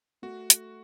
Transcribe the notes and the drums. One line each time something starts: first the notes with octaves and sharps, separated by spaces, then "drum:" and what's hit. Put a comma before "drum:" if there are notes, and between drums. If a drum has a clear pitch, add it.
A3 F#4
drum: hi-hat